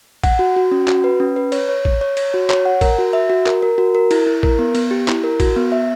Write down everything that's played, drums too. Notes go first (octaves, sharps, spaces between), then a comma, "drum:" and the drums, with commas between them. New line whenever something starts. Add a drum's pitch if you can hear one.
F#5, drum: kick, cymbal
F#4
F#4
C#4
F#4, drum: clap
B4
C#4
B4
C#5, drum: cymbal
C#5
C#5, drum: kick
C#5
C#5, drum: cymbal
F#4
C#5, drum: clap
F#5
A#4, drum: kick, cymbal
F#4
E5
F#4
A#4, drum: clap
A#4
F#4
A#4
E4, drum: cymbal
E4
A#4, drum: kick
B3
B3, drum: cymbal
G4
E4, drum: clap
A#4
F#4, drum: kick, cymbal
B3
E5